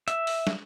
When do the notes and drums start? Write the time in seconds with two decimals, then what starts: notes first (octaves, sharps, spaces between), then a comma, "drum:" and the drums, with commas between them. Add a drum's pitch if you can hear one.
0.08 E5, drum: hi-hat
0.27 drum: open hi-hat
0.47 drum: snare